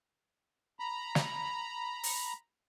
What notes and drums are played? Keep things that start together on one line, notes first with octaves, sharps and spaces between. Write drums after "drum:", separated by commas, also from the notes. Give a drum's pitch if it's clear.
A#5 B5
drum: snare
drum: open hi-hat